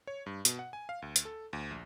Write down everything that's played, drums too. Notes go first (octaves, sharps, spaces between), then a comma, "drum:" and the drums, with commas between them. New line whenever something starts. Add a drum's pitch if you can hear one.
C#5
G2
B2, drum: hi-hat
F#5
G#5
F5
D2
drum: hi-hat
A4
D2
A#1